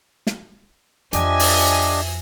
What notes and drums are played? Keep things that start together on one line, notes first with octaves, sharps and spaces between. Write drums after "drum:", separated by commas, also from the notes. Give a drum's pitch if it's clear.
drum: snare
F2 F3 D4 G4 D#5 E5 G#5, drum: hi-hat
drum: open hi-hat